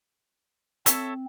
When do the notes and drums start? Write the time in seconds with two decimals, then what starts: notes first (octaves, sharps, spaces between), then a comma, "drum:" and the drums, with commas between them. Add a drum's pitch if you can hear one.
0.86 C4 A4 C#5 E5, drum: hi-hat